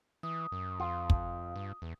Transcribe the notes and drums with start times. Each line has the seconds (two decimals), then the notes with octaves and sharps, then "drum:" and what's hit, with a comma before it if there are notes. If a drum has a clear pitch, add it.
0.23 E3 D#6
0.52 F#2
0.80 F2 F4
1.10 drum: kick
1.56 G2
1.82 E2